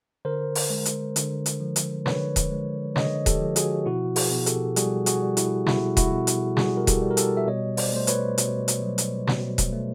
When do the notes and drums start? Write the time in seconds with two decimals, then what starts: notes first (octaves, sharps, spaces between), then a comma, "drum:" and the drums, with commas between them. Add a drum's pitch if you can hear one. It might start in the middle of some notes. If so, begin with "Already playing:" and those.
0.25 D3 A#4 C5
0.55 drum: open hi-hat
0.70 G#3
0.85 drum: hi-hat
1.16 D3, drum: hi-hat
1.46 drum: hi-hat
1.60 F3
1.76 drum: hi-hat
2.06 D3 B4 C#5, drum: snare
2.36 drum: kick D#1, hi-hat
2.51 G#3
2.96 D3 C#5 D#5, drum: snare
3.26 G4 A4, drum: kick D#1, hi-hat
3.41 F3
3.56 F#4 G#4, drum: hi-hat
3.86 B2 E4 F#4
4.16 F#4 G#4, drum: open hi-hat
4.31 B2
4.46 G4 A4, drum: hi-hat
4.76 G3 F#4 G#4, drum: hi-hat
5.06 F#4 G#4, drum: hi-hat
5.22 G3
5.37 E4 F#4, drum: hi-hat
5.66 B2 E4 F#4, drum: snare
5.97 E4 F#4, drum: kick D#1, hi-hat
6.12 B2
6.27 drum: hi-hat
6.57 G3 F#4 G#4, drum: snare
6.77 A#4
6.87 G4 A4, drum: kick D#1, hi-hat
7.02 G3
7.11 A#4
7.17 G4 A4, drum: hi-hat
7.37 E5
7.47 B2 C#5 D#5
7.77 C5 D5, drum: open hi-hat
7.93 A3 C5
8.07 B4 C#5, drum: hi-hat
8.38 B2, drum: hi-hat
8.68 drum: hi-hat
8.82 F#3
8.98 drum: hi-hat
9.27 B2, drum: snare
9.58 drum: kick D#1, hi-hat
9.73 A3